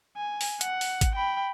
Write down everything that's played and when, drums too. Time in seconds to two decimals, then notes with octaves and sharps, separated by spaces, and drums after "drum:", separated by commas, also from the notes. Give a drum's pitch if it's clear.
0.17 G#5
0.41 drum: open hi-hat
0.61 F#5, drum: hi-hat
0.81 drum: open hi-hat
1.01 drum: kick, hi-hat
1.15 G5 B5